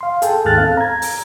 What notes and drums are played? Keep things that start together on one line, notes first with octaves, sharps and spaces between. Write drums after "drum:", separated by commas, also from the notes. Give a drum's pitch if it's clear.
F5 C6
G#4 A4 G5, drum: hi-hat
D#2 G#2 A4 F6 F#6 A6
C4 A4 F5
A#5 G#6
drum: open hi-hat